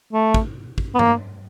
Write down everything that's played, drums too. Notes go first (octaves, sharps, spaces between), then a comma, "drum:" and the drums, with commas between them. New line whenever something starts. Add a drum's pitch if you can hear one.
A3
drum: kick
drum: kick
B3
A#3, drum: tom G2